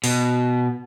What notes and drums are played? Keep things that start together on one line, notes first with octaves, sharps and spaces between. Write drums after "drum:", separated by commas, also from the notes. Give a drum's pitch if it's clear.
B2, drum: open hi-hat